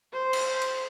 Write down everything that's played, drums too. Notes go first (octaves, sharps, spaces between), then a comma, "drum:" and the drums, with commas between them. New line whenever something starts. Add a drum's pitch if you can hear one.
C5
drum: cymbal
drum: cymbal